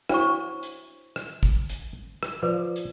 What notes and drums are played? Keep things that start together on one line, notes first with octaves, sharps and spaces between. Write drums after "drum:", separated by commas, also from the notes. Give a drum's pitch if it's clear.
D4 E4 F#4 C5 C#5 C#6, drum: rim click
drum: hi-hat
drum: rim click
drum: kick
drum: hi-hat
drum: rim click
F3 B4 D5
drum: hi-hat